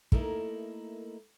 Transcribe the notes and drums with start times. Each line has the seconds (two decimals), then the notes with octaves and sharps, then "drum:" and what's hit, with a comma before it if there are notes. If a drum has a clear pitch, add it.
0.12 A3 A#3 D#4 E4 A4 A#4, drum: kick